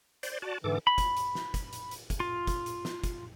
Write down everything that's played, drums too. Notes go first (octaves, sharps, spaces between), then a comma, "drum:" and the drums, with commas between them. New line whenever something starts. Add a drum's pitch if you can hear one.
C5 D5, drum: hi-hat
F#4 D5 A5
G#2 D3 E3 A4 D6
B5
drum: kick, hi-hat
drum: hi-hat
drum: snare
drum: kick, hi-hat
drum: hi-hat
drum: hi-hat
drum: kick, hi-hat
F4
drum: kick, hi-hat
drum: hi-hat
drum: snare
drum: kick, hi-hat